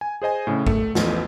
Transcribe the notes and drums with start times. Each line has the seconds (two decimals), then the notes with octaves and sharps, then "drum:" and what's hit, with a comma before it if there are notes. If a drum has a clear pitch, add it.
0.01 G#5
0.22 G#4 C5 D#5 G#5
0.47 A2 C#3
0.67 A3, drum: kick A1
0.95 A1 E2 F3 A4, drum: snare